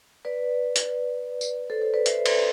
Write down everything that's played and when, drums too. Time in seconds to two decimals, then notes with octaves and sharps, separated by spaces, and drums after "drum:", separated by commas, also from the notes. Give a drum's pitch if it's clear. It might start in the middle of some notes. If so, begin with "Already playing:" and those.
0.25 B4 D5
0.76 drum: hi-hat
1.41 drum: tambourine
1.70 A4 C5
1.81 A4 C5
1.94 B4 D5
2.06 C5 E5, drum: hi-hat
2.26 drum: cymbal